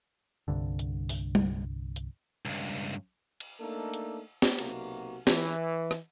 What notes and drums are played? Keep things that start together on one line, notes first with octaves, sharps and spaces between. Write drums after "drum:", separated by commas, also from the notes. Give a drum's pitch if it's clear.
C2 G2 D3
drum: hi-hat
drum: open hi-hat
drum: tom G3
drum: hi-hat
C#2 G2
drum: cymbal
A3 A#3 D4 D#4 A4
drum: hi-hat
drum: snare
B1 C3 A#3 F#4, drum: cymbal
E3, drum: snare
drum: rim click